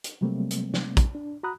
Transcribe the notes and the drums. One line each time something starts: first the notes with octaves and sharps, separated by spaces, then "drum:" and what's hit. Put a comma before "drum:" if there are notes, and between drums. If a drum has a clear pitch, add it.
drum: hi-hat
C3 F#3 G3 A3 A#3 C4
drum: hi-hat
drum: snare
drum: kick, hi-hat
D4
F#4 A#5 B5 D#6 F#6